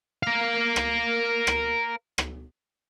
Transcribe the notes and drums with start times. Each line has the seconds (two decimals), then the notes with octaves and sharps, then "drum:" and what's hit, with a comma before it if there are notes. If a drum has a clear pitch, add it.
0.23 A#4 F5
0.76 drum: rim click
1.47 drum: rim click
2.18 drum: rim click